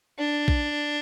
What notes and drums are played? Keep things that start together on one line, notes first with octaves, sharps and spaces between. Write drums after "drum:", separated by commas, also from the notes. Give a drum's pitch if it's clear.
D4
drum: kick A#1